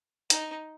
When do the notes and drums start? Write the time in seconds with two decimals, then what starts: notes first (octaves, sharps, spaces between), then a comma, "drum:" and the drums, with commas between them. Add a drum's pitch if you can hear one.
0.30 D#4, drum: hi-hat